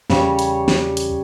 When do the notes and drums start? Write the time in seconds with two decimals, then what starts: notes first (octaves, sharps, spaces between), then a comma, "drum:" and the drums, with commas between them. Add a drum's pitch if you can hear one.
0.10 E2 C#3 G3 C#5, drum: snare
0.39 drum: hi-hat
0.68 drum: snare
0.97 drum: hi-hat